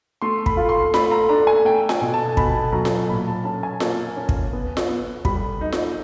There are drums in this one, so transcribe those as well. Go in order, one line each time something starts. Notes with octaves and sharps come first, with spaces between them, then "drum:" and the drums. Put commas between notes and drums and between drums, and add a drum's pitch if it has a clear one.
A3 C6
B5, drum: kick
F4
C6
A3 B5, drum: snare F4
A#5
D4 A#5
G#5
A3 G5
G#5, drum: snare F4
B2
A5
B2 B5, drum: kick
F#3 A#5
drum: snare F4
A#2 B5
A5
C#4 A5
G#5
A#3 A5, drum: snare F4
C#4
drum: kick
B3
drum: snare F4
B3
G3 B5, drum: kick
D#4
drum: snare F4